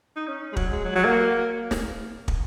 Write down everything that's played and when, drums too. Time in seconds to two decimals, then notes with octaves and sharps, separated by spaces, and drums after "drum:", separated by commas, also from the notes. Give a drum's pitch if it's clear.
0.17 D#4
0.28 C#4
0.53 G#3
0.56 F#3, drum: kick
0.71 G#3
0.85 F#3
0.95 F#3
1.05 A#3
1.71 drum: snare
2.28 drum: kick